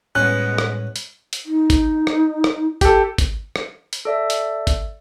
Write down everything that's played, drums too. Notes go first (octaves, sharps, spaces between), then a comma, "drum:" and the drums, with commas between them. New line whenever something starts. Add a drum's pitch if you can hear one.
A2 G3 G#3 B3 C#4 F#6
drum: rim click
drum: hi-hat
drum: hi-hat
D#4
drum: kick G#1, hi-hat
drum: rim click
drum: rim click
G4 A4, drum: kick G#1, hi-hat
drum: kick G#1, hi-hat
drum: rim click
drum: hi-hat
A4 D5 E5
drum: hi-hat
drum: kick G#1, hi-hat